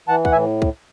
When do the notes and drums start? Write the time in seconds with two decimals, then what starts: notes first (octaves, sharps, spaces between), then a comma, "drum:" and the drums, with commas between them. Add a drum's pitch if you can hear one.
0.08 E3 F#5 A5
0.25 F#5, drum: kick
0.32 A2 E5 G#5
0.62 drum: kick